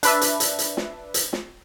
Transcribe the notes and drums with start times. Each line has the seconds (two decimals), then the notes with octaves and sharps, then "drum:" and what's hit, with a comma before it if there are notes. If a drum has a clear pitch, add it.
0.03 D4 B4 E5, drum: hi-hat
0.21 drum: hi-hat
0.40 drum: hi-hat
0.59 drum: hi-hat
0.77 drum: snare
1.14 drum: hi-hat
1.33 drum: snare